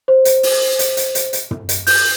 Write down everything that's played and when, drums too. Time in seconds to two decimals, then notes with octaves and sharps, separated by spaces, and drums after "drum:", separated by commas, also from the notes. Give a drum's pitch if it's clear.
0.08 C5
0.25 drum: hi-hat
0.43 drum: open hi-hat
0.79 drum: hi-hat
0.97 drum: hi-hat
1.15 drum: hi-hat
1.33 drum: hi-hat
1.51 drum: tom
1.69 drum: hi-hat
1.87 G6, drum: open hi-hat